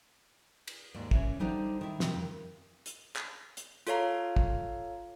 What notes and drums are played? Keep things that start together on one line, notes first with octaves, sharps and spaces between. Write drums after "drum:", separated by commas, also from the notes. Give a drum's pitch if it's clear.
drum: cymbal
D#2 G#2 D5
E3 C#4 C#5, drum: kick
D3 G3 D#4 C5 D5 F#5
D#3 E4
C3 D#3 G3, drum: snare
F2
drum: hi-hat
drum: clap
drum: hi-hat
F4 A4 C#5 F5 A#5, drum: hi-hat
drum: kick